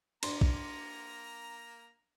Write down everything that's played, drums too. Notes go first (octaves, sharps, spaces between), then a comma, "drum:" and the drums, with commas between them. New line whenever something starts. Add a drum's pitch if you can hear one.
A#3 D4 A#5 C6, drum: cymbal
drum: kick